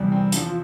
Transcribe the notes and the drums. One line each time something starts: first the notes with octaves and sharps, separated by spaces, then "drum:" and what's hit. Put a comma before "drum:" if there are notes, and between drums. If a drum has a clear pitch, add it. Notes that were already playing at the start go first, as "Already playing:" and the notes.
Already playing: E2 C3 G3
C4
F3 D4, drum: hi-hat
F4